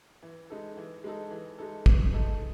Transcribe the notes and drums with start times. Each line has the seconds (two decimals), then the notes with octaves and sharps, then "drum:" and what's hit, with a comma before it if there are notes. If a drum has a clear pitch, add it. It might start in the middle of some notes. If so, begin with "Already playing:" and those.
0.23 E3
0.50 G#3 D#4 A4
0.77 E3
1.04 G#3 D#4 A4
1.31 E3
1.59 G#3 D#4 A4
1.86 E3, drum: kick
2.13 G#3 D#4 A4